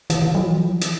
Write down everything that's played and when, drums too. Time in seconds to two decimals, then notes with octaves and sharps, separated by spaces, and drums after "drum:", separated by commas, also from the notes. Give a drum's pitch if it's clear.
0.10 E3, drum: hi-hat
0.22 E3
0.35 F#3
0.43 F3
0.52 E3
0.60 F3
0.81 drum: hi-hat